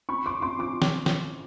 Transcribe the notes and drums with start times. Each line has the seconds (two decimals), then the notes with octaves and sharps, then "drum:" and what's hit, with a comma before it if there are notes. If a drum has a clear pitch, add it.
0.09 B5 C#6
0.26 C6 D6
0.42 C6 D6
0.59 C6 D6
0.82 drum: snare
1.06 drum: snare